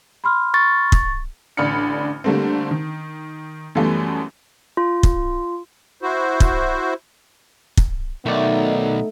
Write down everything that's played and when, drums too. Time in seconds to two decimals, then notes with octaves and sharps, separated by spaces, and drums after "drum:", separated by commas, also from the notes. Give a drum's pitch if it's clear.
0.24 B5 C6 F6
0.54 C#6 A6
0.92 drum: kick
1.57 A1 D3 D5 B5 F6 C#7
2.24 D3 G3 A3 A#3 C4
2.71 D#3
3.75 F#2 E3 G3 A3 B3
4.77 F4
5.03 drum: kick
6.02 E4 F#4 C5
6.40 drum: kick
7.77 drum: kick
8.26 B1 D#3 F#3 A3 B3 D#4 D5